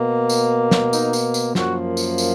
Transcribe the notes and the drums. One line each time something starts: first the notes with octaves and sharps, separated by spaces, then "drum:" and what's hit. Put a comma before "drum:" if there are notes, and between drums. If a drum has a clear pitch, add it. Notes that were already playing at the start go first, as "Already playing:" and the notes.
Already playing: B2 A#3
drum: tambourine
drum: snare
D#4, drum: tambourine
drum: tambourine
drum: tambourine
F#2 F3 A#3 F#4, drum: snare
drum: tambourine
drum: tambourine